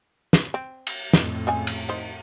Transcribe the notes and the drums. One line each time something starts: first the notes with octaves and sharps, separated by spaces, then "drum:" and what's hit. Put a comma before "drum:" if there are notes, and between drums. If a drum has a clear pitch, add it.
drum: snare
C4
drum: cymbal
F2 A2 D#4, drum: snare
C#3 G#3 G#5
drum: cymbal
D#3 C5